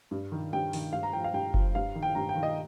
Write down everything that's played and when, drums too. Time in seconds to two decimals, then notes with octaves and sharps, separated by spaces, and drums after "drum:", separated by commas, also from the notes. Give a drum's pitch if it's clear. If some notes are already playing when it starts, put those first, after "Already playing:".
0.11 G2
0.32 D#3
0.53 G2 G5
0.73 D#3, drum: open hi-hat
0.93 G2 F5
1.03 A#5
1.13 F3 G5
1.24 F5
1.34 G2 G5
1.54 F3, drum: kick F#1
1.75 G2 F5
1.95 D#3
2.03 G5
2.15 G2 A#5
2.29 G5
2.36 D#3
2.43 D#5